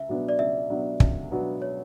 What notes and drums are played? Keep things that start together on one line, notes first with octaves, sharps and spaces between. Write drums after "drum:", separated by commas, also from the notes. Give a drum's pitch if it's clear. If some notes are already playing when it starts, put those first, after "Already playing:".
Already playing: C#2 E5
B2 F#3 B3 D4
D5
C#2 E5
B2 F#3 B3 D4
C#2, drum: kick
B2 F#3 B3 D4
C#5